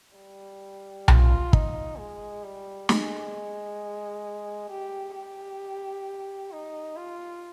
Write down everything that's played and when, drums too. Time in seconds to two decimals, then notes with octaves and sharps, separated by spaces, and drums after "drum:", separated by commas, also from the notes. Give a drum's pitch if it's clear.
0.16 G3
1.08 F4, drum: tom B1
1.53 D#4, drum: kick
1.98 G#3
2.43 G3
2.89 G#3, drum: snare
4.70 G4
5.16 G4
6.51 D#4
6.96 F4